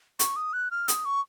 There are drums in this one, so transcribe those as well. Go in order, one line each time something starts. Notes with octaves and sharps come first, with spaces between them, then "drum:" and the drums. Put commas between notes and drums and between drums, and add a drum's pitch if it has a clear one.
C#6, drum: hi-hat
D#6
F#6
F6
D#6, drum: hi-hat
C#6